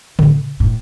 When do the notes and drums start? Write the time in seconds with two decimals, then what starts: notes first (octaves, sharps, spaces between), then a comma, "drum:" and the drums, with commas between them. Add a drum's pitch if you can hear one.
0.19 A2, drum: tom C#3
0.60 A2